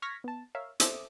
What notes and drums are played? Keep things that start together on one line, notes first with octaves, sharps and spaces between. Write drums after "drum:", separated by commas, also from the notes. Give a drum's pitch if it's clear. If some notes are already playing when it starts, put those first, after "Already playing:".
C#6 F6 G#6 A#6 B6
B3 A5
A#4 C#5 E5 F5
A4 C5 E5 D6 D#6, drum: hi-hat